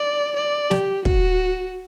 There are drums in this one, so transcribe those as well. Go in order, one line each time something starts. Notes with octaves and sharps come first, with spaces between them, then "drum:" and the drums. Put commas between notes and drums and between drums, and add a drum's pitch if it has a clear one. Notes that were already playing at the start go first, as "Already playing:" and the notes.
Already playing: D5
D5
G4, drum: snare
F#4, drum: kick